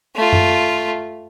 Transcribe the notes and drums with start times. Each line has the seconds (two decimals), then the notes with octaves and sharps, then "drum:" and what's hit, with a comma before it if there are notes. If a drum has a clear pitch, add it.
0.15 A3 F4
0.33 drum: tom F#2